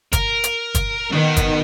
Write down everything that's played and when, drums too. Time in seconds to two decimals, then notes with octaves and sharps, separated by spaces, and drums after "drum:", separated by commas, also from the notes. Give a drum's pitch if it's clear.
0.13 A#4, drum: kick, hi-hat
0.44 drum: hi-hat
0.75 drum: kick, hi-hat
1.12 D#3 B3 F#4
1.37 drum: kick, hi-hat